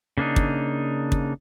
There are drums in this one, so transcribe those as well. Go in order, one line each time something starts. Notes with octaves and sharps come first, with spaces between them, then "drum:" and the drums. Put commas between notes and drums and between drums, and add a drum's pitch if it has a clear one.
C#3 A#3 D4 D#4
drum: kick
drum: kick